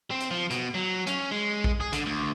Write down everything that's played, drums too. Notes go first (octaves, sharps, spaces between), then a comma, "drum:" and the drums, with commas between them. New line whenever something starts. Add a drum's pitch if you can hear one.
C4
drum: hi-hat
F3
B2, drum: hi-hat
F#3
C#4, drum: hi-hat
G#3
drum: kick A#1
G#4
D3, drum: hi-hat
D2